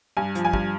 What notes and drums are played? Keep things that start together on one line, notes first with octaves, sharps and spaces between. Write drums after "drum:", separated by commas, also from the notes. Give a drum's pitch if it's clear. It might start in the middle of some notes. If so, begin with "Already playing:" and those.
G2 G#5
F3, drum: hi-hat
G#5
G2, drum: kick